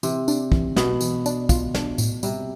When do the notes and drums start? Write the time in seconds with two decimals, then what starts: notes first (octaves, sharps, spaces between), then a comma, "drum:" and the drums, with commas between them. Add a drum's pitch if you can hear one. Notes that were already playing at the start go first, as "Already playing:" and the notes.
0.03 C3 E3, drum: tambourine
0.28 D4, drum: tambourine
0.52 E3, drum: kick
0.76 B2 B3, drum: snare
1.01 E3, drum: tambourine
1.26 D4, drum: tambourine
1.49 F4, drum: kick, tambourine
1.74 D4, drum: snare
1.98 A2, drum: tambourine
2.23 C3 G3, drum: tambourine